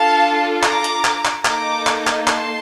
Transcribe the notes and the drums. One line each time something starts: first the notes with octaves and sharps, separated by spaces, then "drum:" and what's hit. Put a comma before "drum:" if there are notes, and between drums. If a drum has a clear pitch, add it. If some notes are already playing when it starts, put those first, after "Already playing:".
Already playing: D4 F4 A4 F5 A5
A#5 D6, drum: clap
drum: hi-hat
drum: clap
drum: clap
A#3 D#4 A4 A#5 D6, drum: clap
drum: clap
drum: clap
A5 C6, drum: clap